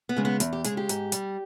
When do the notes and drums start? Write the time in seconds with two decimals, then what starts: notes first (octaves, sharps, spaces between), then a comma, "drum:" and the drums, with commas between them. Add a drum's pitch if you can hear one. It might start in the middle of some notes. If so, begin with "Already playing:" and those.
0.09 B3
0.17 C#3 G#3
0.25 B3
0.40 E2, drum: hi-hat
0.53 G4
0.64 C#3 G#3 G#4, drum: hi-hat
0.77 G4
0.89 G#2, drum: hi-hat
1.12 G3, drum: hi-hat